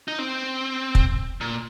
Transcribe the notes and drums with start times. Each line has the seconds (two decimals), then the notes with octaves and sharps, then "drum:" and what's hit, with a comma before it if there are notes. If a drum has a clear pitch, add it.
0.08 D#4
0.19 C4
0.95 drum: kick
1.41 A#2